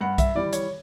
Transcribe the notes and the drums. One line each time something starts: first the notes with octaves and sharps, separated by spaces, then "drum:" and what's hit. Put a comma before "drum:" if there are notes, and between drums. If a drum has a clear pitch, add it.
G2 F#5
E5, drum: kick B1, hi-hat
E3 G3 D5
C#5, drum: hi-hat